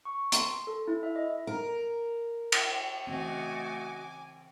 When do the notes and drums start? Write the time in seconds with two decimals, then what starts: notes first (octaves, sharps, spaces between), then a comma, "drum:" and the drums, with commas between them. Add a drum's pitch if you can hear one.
0.05 C#6
0.32 C6, drum: hi-hat
0.67 A4
0.88 E4
1.03 E5
1.16 D#5
1.47 A#4
2.52 drum: cymbal
3.07 C#3 E3 A3 C4 F#4 D#5 G#5 D6